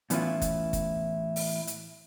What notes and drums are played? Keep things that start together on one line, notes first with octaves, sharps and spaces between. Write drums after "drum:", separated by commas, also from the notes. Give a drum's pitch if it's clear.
A2 E3 B3 C#4 E4 F4, drum: hi-hat
drum: kick F#1, hi-hat
drum: kick F#1, hi-hat
drum: open hi-hat
drum: hi-hat